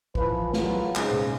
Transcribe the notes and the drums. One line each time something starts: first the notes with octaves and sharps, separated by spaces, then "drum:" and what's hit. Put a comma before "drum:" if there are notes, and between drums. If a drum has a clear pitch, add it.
E3 F3 B4, drum: kick
F#3 F4 F#4 G#4, drum: snare
G#2 C#3, drum: clap
drum: tom B2